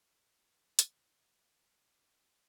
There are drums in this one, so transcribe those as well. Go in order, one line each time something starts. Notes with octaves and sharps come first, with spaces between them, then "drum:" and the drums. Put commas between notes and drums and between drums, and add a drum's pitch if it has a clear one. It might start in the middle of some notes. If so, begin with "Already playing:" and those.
E3 F3 G3 A3 A#3 E4
drum: hi-hat
C#4 D4 A#4 D5 F5 F#5